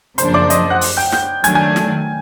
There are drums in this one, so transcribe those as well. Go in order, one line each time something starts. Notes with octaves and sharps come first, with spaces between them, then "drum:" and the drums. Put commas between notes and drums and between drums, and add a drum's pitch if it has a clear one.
F#2 C#3 F3 A#3 D4 C5 C6, drum: hi-hat
D5 D6
D#5 D#6, drum: hi-hat
F#5 F#6
drum: open hi-hat
G5 G6
G5 G6, drum: snare
D#3 F#3 A3 D4 G#5 G#6, drum: hi-hat
G#5 G#6
drum: snare